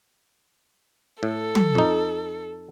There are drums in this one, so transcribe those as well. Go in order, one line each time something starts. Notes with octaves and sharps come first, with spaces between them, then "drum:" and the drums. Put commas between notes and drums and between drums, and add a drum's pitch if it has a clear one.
A2 A4
drum: tom
F2 D#4